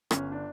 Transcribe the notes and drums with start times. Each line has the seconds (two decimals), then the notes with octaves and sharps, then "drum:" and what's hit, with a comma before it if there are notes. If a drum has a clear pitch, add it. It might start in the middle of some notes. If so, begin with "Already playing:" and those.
0.11 G1 C#4, drum: rim click
0.32 D4